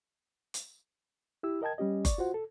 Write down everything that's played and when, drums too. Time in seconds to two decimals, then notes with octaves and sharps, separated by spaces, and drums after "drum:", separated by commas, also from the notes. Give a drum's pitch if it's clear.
0.54 drum: hi-hat
1.43 E4 G4 E6
1.62 A#4 D#5 G5 A5 G#6
1.78 G3 C#4 G4 D#5
2.05 D5 C#6, drum: kick F#1, hi-hat
2.18 F4 F#4 C5 F#5
2.34 A4